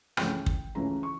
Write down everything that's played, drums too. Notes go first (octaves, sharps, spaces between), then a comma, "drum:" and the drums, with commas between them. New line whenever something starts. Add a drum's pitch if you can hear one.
C#2 C#3 E3 A3 C#4 G5, drum: rim click
drum: kick
C#2 C#3 E3 A3 C#4 A#5
C#6